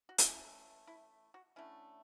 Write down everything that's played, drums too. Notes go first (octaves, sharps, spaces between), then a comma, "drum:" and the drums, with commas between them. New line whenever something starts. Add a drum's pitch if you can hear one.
F#4
E3 A3 C#4 E4, drum: hi-hat
E4
F#4
D3 A3 C#4 E4